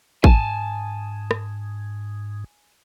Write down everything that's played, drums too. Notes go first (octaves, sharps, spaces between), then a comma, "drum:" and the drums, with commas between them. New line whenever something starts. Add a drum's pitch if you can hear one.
G#2 G#5 A5, drum: kick A1
drum: rim click